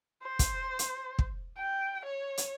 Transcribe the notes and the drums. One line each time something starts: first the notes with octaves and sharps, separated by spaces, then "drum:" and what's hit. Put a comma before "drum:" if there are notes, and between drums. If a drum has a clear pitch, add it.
C5
drum: kick, hi-hat
drum: hi-hat
drum: kick
G5
C#5
drum: hi-hat